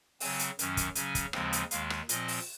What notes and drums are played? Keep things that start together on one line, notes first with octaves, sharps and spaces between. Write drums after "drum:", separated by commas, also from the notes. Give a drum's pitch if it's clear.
C#3 F#3 C4 G#5, drum: open hi-hat
drum: hi-hat
F#2 D#3 F#3 C#4, drum: hi-hat
drum: kick, hi-hat
C#3 F#3 C#4 G#5, drum: hi-hat
drum: kick, hi-hat
D#2 C#3 F3 G#3 C4, drum: rim click
drum: hi-hat
D#2 D#3 G#3 F5, drum: hi-hat
drum: rim click
A#2 F3 C4 D#5, drum: hi-hat
drum: open hi-hat